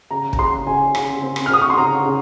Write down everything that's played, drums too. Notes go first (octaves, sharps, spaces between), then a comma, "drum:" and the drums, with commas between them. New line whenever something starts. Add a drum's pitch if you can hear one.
C#3 A#5
A#5, drum: kick
C#3 C6
C#3 G#5
C#3, drum: rim click
C4
drum: rim click
F6
C4 D#6
C#6
C6
C#3 A#5
C#3